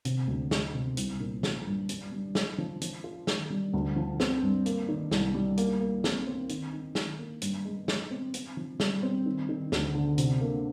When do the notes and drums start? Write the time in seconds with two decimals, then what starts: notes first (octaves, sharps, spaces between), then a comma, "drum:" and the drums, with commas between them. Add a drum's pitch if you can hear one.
0.05 C3, drum: hi-hat
0.28 D2
0.51 G#3, drum: snare
0.74 C3
0.97 C2, drum: hi-hat
1.20 A#2
1.43 F3, drum: snare
1.66 G2
1.89 G3, drum: hi-hat
2.12 G3
2.35 G#3, drum: snare
2.58 F3
2.81 F3, drum: hi-hat
3.04 F4
3.27 D#3, drum: snare
3.50 G3
3.74 D2
3.96 F3
4.20 C4, drum: snare
4.43 G2
4.66 A#3, drum: hi-hat
4.89 D#3
5.11 C2, drum: snare
5.34 G3
5.57 A#3, drum: hi-hat
5.80 A#3
6.04 C4, drum: snare
6.27 C4
6.49 D#3, drum: hi-hat
6.73 D#4
6.95 D#3, drum: snare
7.19 A#3
7.42 G2, drum: hi-hat
7.65 G#3
7.88 G#3, drum: snare
8.11 C4
8.34 C4, drum: hi-hat
8.57 F3
8.80 G3, drum: snare
9.03 C4
9.26 D#3
9.49 D#3
9.72 D2, drum: snare
9.95 D3
10.18 C3, drum: hi-hat
10.41 A#3